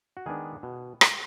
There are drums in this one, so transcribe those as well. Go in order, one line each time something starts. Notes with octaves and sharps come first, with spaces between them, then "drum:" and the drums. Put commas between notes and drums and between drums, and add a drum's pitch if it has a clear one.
F#4
D#3 G#3 B3 D4 G#4
B2
drum: rim click